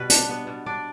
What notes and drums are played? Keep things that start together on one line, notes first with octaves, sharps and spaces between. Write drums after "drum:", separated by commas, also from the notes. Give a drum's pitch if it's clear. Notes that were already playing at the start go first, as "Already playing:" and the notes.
Already playing: B2 G3 B4
D4, drum: hi-hat
B3
B2
D4 D5